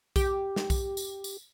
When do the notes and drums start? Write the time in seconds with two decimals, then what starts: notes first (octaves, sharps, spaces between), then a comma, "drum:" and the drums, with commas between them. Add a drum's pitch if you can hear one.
0.16 G4, drum: kick B1, tambourine
0.56 drum: snare
0.70 drum: kick B1, tambourine
0.97 drum: tambourine
1.24 drum: tambourine